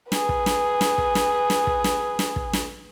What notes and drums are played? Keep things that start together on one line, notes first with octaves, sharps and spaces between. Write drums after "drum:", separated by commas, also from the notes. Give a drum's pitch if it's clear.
G#4 B4, drum: snare
drum: kick
drum: snare
drum: snare
drum: kick
drum: snare
drum: snare
drum: kick
drum: snare
drum: snare
drum: kick
drum: snare